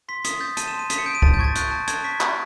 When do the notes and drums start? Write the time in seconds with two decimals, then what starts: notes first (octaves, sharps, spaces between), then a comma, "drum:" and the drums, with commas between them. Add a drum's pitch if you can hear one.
0.09 C6 B6
0.24 D#6 B6, drum: hi-hat
0.40 G6 A6
0.57 A5 D#7, drum: hi-hat
0.68 E7
0.73 C6
0.79 D#7
0.90 D#6 B6, drum: hi-hat
0.98 C#7
1.06 G6 D7
1.15 D#7
1.22 A5 A6, drum: kick
1.34 G6
1.39 C#6 G#6
1.44 A6
1.55 F#6 G6, drum: hi-hat
1.71 A5
1.87 A5 G#6, drum: hi-hat
2.04 C#6 B6
2.21 F#6, drum: clap